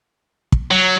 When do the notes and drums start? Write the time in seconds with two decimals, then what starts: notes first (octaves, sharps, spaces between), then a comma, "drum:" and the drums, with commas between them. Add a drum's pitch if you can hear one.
0.52 drum: kick
0.71 F#3